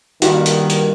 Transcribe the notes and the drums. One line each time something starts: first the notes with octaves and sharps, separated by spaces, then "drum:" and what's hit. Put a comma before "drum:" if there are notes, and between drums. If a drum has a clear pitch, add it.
G2 A#2 D#3 F#4, drum: hi-hat
drum: hi-hat
drum: hi-hat